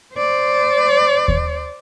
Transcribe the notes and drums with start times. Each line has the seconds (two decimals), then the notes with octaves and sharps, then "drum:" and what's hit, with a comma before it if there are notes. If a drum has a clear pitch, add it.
0.14 C5 D5
1.28 drum: kick D#2